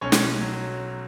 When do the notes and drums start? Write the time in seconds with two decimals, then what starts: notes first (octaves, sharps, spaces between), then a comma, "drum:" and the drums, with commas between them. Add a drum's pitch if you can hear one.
0.01 B1 C#4 C#5
0.12 drum: snare
0.41 F#3